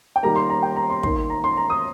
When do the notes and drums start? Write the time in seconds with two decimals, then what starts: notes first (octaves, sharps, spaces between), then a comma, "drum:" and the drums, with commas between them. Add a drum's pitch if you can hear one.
0.16 G5
0.23 D#3 G3 A#3 A#5
0.36 C6
0.50 A#5
0.63 G5
0.76 A#5
0.90 C6
1.03 D#3 A#3 C6, drum: kick
1.16 C6
1.30 A#5
1.44 C6
1.57 A#5
1.70 D#6